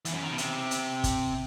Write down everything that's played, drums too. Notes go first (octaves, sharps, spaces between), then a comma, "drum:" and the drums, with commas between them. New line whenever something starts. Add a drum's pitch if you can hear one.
E2, drum: hi-hat
F#2
D#3
B2
C3, drum: hi-hat
drum: hi-hat
drum: kick, hi-hat